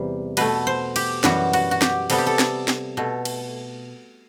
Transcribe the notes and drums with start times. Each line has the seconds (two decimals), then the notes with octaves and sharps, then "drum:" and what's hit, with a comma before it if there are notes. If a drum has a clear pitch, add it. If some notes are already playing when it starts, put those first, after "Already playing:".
Already playing: E2 C3 G3
0.37 B2 A3 B4, drum: cymbal
0.67 C5
0.96 G4, drum: cymbal
1.24 F#2 E3 G3 F#4, drum: snare
1.53 F#4, drum: cymbal
1.71 F#4
1.82 G4, drum: snare
2.10 C3 G3 B3 A4, drum: cymbal
2.18 G4
2.27 A4
2.39 drum: snare
2.68 drum: snare
2.97 B2 A3
3.25 drum: cymbal